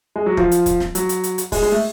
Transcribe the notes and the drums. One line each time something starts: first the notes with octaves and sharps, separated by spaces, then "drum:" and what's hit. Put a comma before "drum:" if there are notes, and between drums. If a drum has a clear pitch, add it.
G#3
F#3
F3, drum: kick
drum: hi-hat
drum: kick, hi-hat
drum: snare
F#3, drum: hi-hat
drum: hi-hat
drum: hi-hat
drum: hi-hat
G#3, drum: kick, open hi-hat
G#3
A3